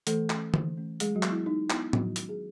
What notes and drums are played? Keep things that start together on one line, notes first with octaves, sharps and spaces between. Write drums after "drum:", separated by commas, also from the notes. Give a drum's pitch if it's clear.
E3 A3 A4, drum: hi-hat
A3 C#4, drum: clap
E3, drum: tom
A3 C#4
F#3 G#3 G#4, drum: hi-hat
F#3 F#4
B3, drum: clap
E4
F#3 D#4
B3 E4, drum: clap
D#3 F#3 F#4, drum: tom A2
G#3 C#4, drum: hi-hat
G#4